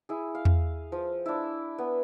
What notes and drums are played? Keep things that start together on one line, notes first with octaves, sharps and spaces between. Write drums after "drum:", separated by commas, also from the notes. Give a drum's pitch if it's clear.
E4 G#4
F5
drum: tom E2
F3
D4 E4
B3